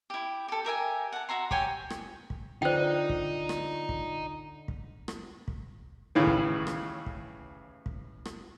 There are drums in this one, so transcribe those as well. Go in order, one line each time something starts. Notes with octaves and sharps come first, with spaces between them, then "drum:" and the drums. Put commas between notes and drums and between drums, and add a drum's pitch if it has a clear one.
E4 G4
G4 A4
G4 A#4 E5 G#5
F#5 A5
F#4 E5 A#5 C6
G4 C#5 G5 G#5, drum: kick
drum: rim click
drum: kick
D3 D#4 F4 C5 D5 G5
drum: kick
drum: rim click
drum: kick
drum: kick
drum: rim click
drum: kick
D#2 A2 C#3 E3
drum: kick
drum: rim click
drum: kick
drum: kick
drum: rim click